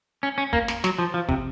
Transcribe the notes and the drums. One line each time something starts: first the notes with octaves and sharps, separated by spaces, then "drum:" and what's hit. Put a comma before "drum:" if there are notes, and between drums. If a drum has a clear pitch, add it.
C#4
C#4
A#3, drum: kick
drum: snare
F#3, drum: snare
F3
F3
C3, drum: kick